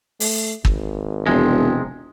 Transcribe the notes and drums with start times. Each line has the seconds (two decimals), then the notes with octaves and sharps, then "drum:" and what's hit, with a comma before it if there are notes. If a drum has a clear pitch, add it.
0.20 A3, drum: open hi-hat
0.65 G#1, drum: kick
1.26 E1 C3 F3 G#3